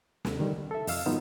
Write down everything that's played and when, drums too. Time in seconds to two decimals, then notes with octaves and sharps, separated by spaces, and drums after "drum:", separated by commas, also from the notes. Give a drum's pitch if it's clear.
0.25 D#2 C3, drum: snare
0.39 D3 D#3 G3
0.53 C2
0.71 A4 E5
0.87 F2 D#5 F5 E6, drum: open hi-hat
1.06 G#2 D#3 F#3 B3 D#4 F4